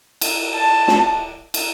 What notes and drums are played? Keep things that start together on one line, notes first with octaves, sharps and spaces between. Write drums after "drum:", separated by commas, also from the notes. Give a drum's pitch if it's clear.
drum: cymbal
A5
drum: snare
drum: cymbal